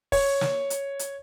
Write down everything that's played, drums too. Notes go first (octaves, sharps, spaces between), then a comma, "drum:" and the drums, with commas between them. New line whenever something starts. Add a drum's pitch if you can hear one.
C#5, drum: kick, open hi-hat
drum: snare
drum: hi-hat
drum: hi-hat